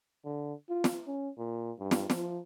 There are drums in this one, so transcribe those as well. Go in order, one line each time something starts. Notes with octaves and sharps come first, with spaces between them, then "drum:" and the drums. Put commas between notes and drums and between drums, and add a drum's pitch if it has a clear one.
D3
F4
drum: snare
C#4
A#2
G2
drum: snare
F3, drum: snare